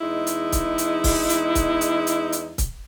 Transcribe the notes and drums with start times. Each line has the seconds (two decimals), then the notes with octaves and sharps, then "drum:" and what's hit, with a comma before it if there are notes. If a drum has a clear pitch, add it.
0.01 E2 G#3 D#4 E4
0.27 drum: hi-hat
0.52 drum: kick C#1, hi-hat
0.78 drum: hi-hat
1.04 drum: kick C#1, open hi-hat
1.30 drum: hi-hat
1.55 drum: kick C#1, hi-hat
1.81 drum: hi-hat
2.07 drum: hi-hat
2.32 drum: hi-hat
2.58 drum: kick C#1, hi-hat